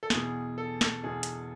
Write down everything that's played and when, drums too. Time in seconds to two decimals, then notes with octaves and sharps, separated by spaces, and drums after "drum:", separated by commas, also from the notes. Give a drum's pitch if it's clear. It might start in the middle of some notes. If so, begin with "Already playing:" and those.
0.03 A4
0.10 E2 G#4, drum: snare
0.15 B2
0.58 A4
0.81 A4, drum: snare
1.04 E2 B2 G#4
1.23 drum: hi-hat